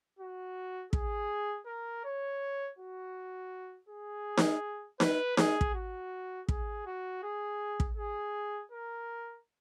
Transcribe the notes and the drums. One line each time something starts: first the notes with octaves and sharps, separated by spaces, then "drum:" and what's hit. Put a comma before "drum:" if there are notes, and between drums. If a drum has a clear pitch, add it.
F#4
G#4, drum: kick
A#4
C#5
F#4
G#4
drum: snare D#4
B4, drum: snare D#4
G#4, drum: snare D#4
drum: kick
F#4
G#4, drum: kick
F#4
G#4
drum: kick
G#4
A#4